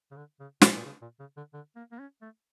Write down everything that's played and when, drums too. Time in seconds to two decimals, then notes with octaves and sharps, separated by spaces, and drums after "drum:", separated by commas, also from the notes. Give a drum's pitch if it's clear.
0.11 C#3
0.16 D3
0.40 C#3
0.62 A#2, drum: snare
0.77 A#2
0.85 C#3
1.02 A#2
1.20 C#3
1.37 D3
1.53 D3
1.76 A#3
1.92 A#3
1.99 C#4
2.21 A3